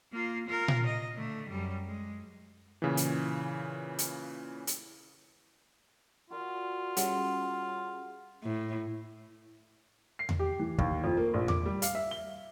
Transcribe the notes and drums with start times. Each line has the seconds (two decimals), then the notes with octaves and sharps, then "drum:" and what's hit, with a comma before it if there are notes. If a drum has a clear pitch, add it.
0.12 A#3 F4
0.46 F4 A#4
0.68 drum: tom A#2
0.86 D#5
1.15 D3 A3
1.49 F#2 G3
1.86 G#3
2.82 A#2 C#3 E3
2.97 drum: hi-hat
3.99 drum: hi-hat
4.67 drum: hi-hat
6.30 F4 F#4 A#4 D5
6.97 G3 C#4 G#4 F#5 C6, drum: hi-hat
8.43 A2
10.19 C7
10.29 drum: tom E2
10.39 G4
10.59 E3
10.78 D#2, drum: kick
11.04 F2
11.17 A#3
11.34 A#1
11.48 D6, drum: tom E2
11.66 G3
11.82 F5, drum: hi-hat
11.95 E5
12.11 G7